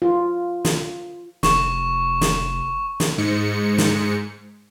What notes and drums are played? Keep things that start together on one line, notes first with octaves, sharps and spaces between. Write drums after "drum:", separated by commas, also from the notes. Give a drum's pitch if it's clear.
F4
drum: snare
F1 C#6 E7, drum: snare
drum: snare
drum: snare
G#2 C#7
drum: snare